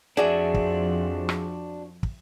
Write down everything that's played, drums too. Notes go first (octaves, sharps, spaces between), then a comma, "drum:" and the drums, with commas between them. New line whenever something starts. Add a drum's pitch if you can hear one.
F2 F3 D4 F#4 G#4 D5 E5
drum: kick
drum: rim click
drum: kick